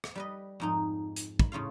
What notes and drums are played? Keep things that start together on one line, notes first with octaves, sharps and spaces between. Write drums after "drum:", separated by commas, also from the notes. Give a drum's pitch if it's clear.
drum: rim click
G3 B4 D#5
F2 G#2 D#4
drum: hi-hat
B5, drum: kick
A2 C#3 F4 F5